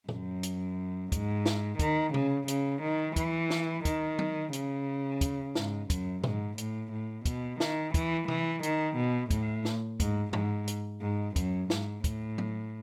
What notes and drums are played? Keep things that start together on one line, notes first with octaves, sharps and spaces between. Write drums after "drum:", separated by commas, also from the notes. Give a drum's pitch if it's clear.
F#2, drum: tom
drum: hi-hat
G#2, drum: kick, hi-hat
drum: snare
D#3, drum: kick, hi-hat
C#3, drum: tom C3
C#3, drum: hi-hat
D#3
E3, drum: kick, hi-hat
drum: snare
D#3, drum: kick, hi-hat
drum: tom F#3
C#3, drum: hi-hat
drum: kick, hi-hat
G#2, drum: snare
F#2, drum: kick, hi-hat
G#2, drum: tom
A2, drum: hi-hat
A2
B2, drum: kick, hi-hat
D#3, drum: snare
E3, drum: kick, hi-hat
E3, drum: tom C3
D#3, drum: hi-hat
B2
A2, drum: kick, hi-hat
drum: snare
G#2, drum: kick, hi-hat
G#2, drum: tom
drum: hi-hat
G#2
F#2, drum: kick, hi-hat
G#2, drum: snare
A2, drum: kick, hi-hat
drum: tom F#3